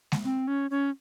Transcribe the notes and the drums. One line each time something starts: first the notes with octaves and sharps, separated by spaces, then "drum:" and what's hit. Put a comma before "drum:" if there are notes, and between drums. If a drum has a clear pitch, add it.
drum: snare G#3
C4
C#4
C#4